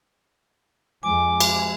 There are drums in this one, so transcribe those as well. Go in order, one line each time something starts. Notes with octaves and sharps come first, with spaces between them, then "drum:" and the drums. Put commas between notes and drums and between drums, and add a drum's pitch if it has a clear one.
F2 F3 G#3 G#5 D6
drum: cymbal